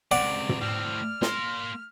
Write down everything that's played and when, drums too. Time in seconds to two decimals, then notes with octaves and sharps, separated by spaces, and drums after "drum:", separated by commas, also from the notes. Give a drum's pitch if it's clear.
0.11 C#2 C3 D5 F#5
0.49 drum: tom
0.61 A2 C4 F6
1.22 A#3 C6, drum: snare